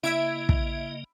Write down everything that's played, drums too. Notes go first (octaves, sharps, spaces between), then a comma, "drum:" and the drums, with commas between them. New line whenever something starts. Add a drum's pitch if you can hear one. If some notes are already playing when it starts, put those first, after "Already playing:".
C#3 A#3 E4 D#5 E5 G#6 D7
drum: kick